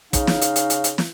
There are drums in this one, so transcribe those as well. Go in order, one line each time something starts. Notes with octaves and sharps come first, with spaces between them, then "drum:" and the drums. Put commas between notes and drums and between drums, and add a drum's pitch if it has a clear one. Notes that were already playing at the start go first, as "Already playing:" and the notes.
C#3 D#4 F5, drum: kick, hi-hat
drum: snare
drum: hi-hat
drum: hi-hat
drum: hi-hat
drum: hi-hat
drum: snare